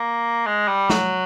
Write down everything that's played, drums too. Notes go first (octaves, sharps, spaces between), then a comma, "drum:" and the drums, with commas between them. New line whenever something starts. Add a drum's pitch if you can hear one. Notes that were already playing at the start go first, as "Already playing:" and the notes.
Already playing: A#3
G#3
G3
F#3, drum: snare